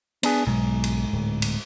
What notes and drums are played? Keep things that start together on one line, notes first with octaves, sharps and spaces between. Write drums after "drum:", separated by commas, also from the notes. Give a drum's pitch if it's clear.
B3 D4 G#4, drum: cymbal
B1 G#2 B2 F#3
drum: cymbal
D1
drum: cymbal